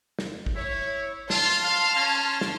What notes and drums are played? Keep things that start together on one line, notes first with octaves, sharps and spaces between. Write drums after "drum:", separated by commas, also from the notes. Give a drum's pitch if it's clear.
drum: snare
drum: kick
E4 C#5
F4 A5 C6 F6, drum: snare
F5
C#4
drum: snare